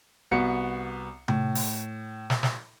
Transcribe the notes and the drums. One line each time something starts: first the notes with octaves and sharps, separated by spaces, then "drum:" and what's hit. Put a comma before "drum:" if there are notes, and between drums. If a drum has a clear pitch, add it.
C2 B3 F#4 C#7
A2, drum: tom C3
drum: open hi-hat
drum: snare
drum: snare